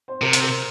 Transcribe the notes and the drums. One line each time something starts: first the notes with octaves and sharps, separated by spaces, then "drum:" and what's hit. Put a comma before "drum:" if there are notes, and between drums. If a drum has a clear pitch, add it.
C5
C3 A#4
C5, drum: hi-hat
A#4